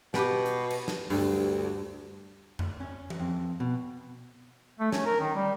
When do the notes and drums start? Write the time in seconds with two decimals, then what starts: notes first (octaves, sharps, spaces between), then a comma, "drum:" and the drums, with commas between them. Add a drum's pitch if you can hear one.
0.14 B2 G4 B4 G5, drum: snare
0.46 drum: hi-hat
0.70 drum: cymbal
0.88 drum: snare
1.10 D2 G2, drum: open hi-hat
2.59 drum: tom F2
2.80 C#4
3.10 drum: tom E3
3.19 F2
3.60 B2
4.80 A3
4.92 C#4, drum: snare
5.06 A#4
5.20 D#3
5.35 G3